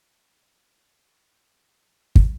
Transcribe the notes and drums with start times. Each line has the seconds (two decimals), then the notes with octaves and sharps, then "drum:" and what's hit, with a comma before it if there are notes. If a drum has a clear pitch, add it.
0.08 F3
0.21 B3
0.45 A#3
0.50 B3
0.77 C#4
1.06 C4
1.20 B3
1.58 C4
1.67 B3
1.74 A#3
1.82 A3
1.91 G#3
2.16 drum: kick